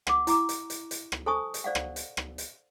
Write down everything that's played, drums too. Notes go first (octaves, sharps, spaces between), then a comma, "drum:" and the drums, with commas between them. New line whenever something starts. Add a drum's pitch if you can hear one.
F#5 D6, drum: rim click
E4 A#5 D6, drum: hi-hat
drum: hi-hat
drum: hi-hat
drum: hi-hat
drum: rim click
A4 C5 G#5 A5 C#6 D#6
drum: hi-hat
C5 D5 F5 F#5
drum: rim click
drum: hi-hat
drum: rim click
drum: hi-hat